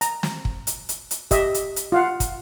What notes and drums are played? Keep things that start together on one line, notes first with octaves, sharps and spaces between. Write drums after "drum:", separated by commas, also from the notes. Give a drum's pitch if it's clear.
A#5, drum: hi-hat
drum: snare
drum: kick
drum: hi-hat
drum: hi-hat
drum: hi-hat
G4 D#5 E5, drum: kick, hi-hat
drum: hi-hat
drum: hi-hat
F4 F5 F#5
drum: kick, hi-hat